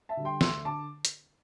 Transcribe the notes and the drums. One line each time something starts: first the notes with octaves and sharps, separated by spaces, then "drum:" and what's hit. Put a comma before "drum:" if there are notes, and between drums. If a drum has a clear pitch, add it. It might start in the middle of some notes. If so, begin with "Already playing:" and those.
E5 A5
D3 G3
G5 C6
D2 C6 E6, drum: snare
D3 A5 D6
drum: hi-hat